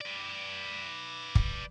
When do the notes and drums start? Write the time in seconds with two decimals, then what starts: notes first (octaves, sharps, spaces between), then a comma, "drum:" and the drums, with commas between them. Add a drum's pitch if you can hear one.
0.01 B4 D5
1.35 drum: kick